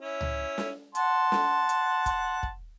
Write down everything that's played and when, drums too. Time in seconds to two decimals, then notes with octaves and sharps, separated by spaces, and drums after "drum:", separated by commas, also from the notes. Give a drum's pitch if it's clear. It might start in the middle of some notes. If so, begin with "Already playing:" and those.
0.01 C#4 E4
0.21 drum: tom C#2
0.58 drum: snare
0.95 F#5 A5 C6, drum: hi-hat
1.32 drum: snare
1.69 drum: hi-hat
2.06 drum: kick, hi-hat
2.43 drum: kick